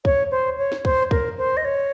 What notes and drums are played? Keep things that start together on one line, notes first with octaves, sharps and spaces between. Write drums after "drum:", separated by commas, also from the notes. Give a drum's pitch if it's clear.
C#5, drum: kick
C5
C#5
drum: snare
C5, drum: kick
A#4, drum: kick
C5
D#5
C#5